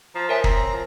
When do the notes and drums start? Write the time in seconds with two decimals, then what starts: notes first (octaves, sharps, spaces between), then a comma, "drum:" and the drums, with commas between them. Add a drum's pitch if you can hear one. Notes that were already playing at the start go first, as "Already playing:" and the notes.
0.15 F3 A#5
0.29 A#4 C#5 E5 G#5
0.44 C4 A#5, drum: kick
0.73 F3